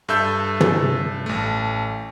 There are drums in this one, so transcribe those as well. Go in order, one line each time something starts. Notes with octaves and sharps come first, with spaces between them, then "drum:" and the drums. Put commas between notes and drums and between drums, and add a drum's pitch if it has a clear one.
G2 A4 E5 E6 G6
drum: tom
A1 A3